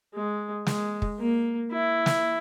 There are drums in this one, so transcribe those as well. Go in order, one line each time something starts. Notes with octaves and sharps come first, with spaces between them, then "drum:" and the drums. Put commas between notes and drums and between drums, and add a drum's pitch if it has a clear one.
G#3
G#3, drum: snare
drum: kick
A#3
E4
drum: snare